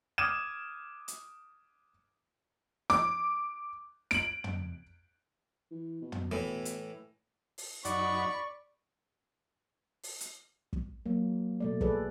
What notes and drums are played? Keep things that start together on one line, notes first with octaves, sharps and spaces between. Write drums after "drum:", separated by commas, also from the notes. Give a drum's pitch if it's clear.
D6 D#6 F6 G#6 D#7 E7
drum: hi-hat
D6, drum: snare
D7 F#7, drum: snare
drum: tom
E3
B2
drum: tom
A2 E3
drum: hi-hat
drum: open hi-hat
F#2 D#4 D5 F#5 B5 C#6, drum: hi-hat
drum: open hi-hat
drum: hi-hat
drum: kick
F#3 A#3
B2 A3 D5
G#4 A4 B4 D5, drum: kick